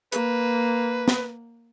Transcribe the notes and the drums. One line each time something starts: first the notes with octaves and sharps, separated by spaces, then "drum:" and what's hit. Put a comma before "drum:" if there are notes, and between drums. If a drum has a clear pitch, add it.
A#3 B4, drum: hi-hat
drum: snare